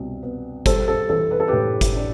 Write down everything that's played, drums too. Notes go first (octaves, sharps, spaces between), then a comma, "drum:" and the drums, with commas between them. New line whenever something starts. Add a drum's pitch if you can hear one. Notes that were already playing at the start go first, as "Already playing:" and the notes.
Already playing: C2 B2
B3
G3 A4 C5, drum: kick, hi-hat
A4
E3 A4
B4
A4
A2 G4 B4
drum: kick, hi-hat
D4